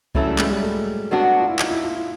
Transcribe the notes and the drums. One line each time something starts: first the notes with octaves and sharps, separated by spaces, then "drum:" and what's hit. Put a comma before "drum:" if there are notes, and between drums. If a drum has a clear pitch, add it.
C#3 E3 F#3 A3 C#4 E4, drum: kick C2
G3
G#3, drum: clap
G3
A3
F#3 B3 D4 F#4
F4
E4
D#4, drum: clap
E4
F4
E4